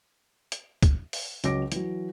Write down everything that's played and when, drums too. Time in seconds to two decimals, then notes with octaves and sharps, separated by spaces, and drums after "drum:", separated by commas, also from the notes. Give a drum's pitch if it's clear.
0.52 drum: hi-hat
0.83 drum: kick, hi-hat
1.13 drum: open hi-hat
1.44 C#2 F#3 C#5 D6 A#6 D7, drum: hi-hat
1.72 E3 F#3, drum: hi-hat